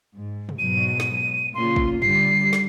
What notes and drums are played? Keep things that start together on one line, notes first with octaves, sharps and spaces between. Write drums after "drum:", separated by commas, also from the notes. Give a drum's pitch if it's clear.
G#2
drum: tom
G#2 B2 F#3 D#7
drum: snare
A#2 C#3 F4 C6
drum: kick
D3 G3 C7, drum: tom
drum: snare